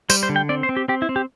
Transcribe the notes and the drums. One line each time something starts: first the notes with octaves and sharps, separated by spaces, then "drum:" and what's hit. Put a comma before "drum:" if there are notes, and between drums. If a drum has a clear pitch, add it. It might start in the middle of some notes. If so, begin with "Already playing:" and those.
G3 C5, drum: tambourine
C5
D3
G5
C4 D5
C5
C4
G4
C4 G4
E4
C4
G4